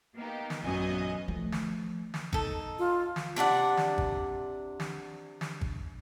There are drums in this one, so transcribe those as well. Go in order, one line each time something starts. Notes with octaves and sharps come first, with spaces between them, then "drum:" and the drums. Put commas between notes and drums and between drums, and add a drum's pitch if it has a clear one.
A#3 B3 D#4 G4
drum: snare
A1 F#2 A#2 B3 D#5 G#5
F3 A3
drum: snare
drum: snare
D#4 A4, drum: kick G#1
F4
drum: snare
C3 D4 D5 F#5
drum: snare
drum: kick G#1
drum: snare
drum: snare
drum: kick G#1